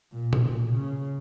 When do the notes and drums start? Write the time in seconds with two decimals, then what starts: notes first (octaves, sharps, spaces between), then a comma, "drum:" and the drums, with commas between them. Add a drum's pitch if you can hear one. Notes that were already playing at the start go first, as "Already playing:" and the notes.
0.13 A#2
0.33 drum: tom B2
0.43 A#2
0.73 C#3